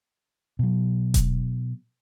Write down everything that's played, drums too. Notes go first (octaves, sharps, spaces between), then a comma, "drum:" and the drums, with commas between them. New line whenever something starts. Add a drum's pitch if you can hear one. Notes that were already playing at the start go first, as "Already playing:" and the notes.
B2 F#3
drum: kick D#1, hi-hat